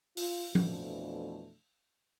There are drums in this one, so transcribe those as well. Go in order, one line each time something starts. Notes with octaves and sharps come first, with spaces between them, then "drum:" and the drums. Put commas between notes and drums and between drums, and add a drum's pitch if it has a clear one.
F4, drum: open hi-hat
F2 B2 E3 F3 A3 D4, drum: tom F3